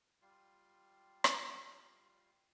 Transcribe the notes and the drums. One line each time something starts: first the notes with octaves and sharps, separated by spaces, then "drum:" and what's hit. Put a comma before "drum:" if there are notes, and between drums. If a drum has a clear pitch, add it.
G3 F4 C6
drum: rim click